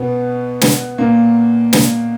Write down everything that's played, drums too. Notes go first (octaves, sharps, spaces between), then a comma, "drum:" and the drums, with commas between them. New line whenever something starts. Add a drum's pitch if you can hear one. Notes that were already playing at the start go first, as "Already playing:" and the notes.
Already playing: B2 B3
drum: snare
A#2 A#3
drum: snare